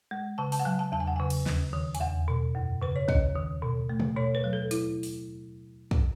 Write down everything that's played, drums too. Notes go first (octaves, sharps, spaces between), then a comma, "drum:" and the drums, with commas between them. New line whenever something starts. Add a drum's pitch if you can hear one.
G#3
C#3 A5
A5, drum: open hi-hat
F#5
F#3 G#5
A5
E2 A5
G#5
F#5
C#3 G#5
drum: cymbal
D#2, drum: snare
D#3
G#5, drum: hi-hat
E2 F#5
B2
F#2
C#3 B4
C#5
D#2 D#5, drum: kick
D#3
B2
A3
drum: tom C3
B2 C#5
B4
F#3
A4
E4, drum: hi-hat
drum: open hi-hat
drum: kick